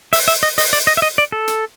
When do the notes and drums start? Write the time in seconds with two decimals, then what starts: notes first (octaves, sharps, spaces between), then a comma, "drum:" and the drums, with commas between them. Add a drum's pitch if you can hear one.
0.13 E5, drum: open hi-hat
0.28 E5
0.43 D#5
0.58 D#5, drum: open hi-hat
0.73 D5
0.87 D#5
0.97 E5
1.02 D#5
1.18 D5
1.32 A4
1.48 drum: hi-hat